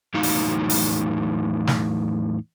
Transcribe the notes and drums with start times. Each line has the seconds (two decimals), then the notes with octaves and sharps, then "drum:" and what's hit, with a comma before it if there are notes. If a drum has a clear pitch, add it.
0.14 E2 A2 F#3 D#4 F5
0.23 drum: open hi-hat
0.70 drum: open hi-hat
1.67 drum: snare